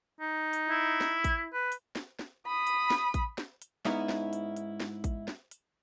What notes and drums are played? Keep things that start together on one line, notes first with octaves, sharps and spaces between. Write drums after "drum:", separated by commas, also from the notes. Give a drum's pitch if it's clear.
D#4
drum: hi-hat
E4
drum: snare
drum: kick A1, hi-hat
B4
drum: hi-hat
drum: snare
drum: snare
B5 D#6
drum: hi-hat
drum: snare
drum: kick A1, hi-hat
drum: snare
drum: hi-hat
G#2 B3 C#4 D#4 E4, drum: snare
drum: snare
drum: hi-hat
drum: hi-hat
drum: snare
drum: kick A1, hi-hat
drum: snare
drum: hi-hat